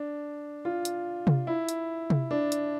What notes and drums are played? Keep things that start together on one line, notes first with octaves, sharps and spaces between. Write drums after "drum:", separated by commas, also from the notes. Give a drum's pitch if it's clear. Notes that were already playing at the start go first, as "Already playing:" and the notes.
Already playing: D4
F4
drum: hi-hat
drum: tom C3
E4
drum: hi-hat
drum: tom C3
D4
drum: hi-hat